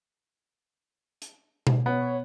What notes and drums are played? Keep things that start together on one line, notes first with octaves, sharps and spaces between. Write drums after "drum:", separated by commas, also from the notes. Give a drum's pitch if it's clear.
drum: hi-hat
drum: tom B2
B3 C#5